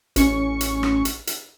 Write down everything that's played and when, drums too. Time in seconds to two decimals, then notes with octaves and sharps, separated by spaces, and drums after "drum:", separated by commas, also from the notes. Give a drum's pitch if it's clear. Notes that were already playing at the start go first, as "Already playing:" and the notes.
0.16 A1 C#4 C#6 C#7, drum: hi-hat
0.61 drum: hi-hat
0.83 drum: rim click
1.05 drum: hi-hat
1.27 drum: hi-hat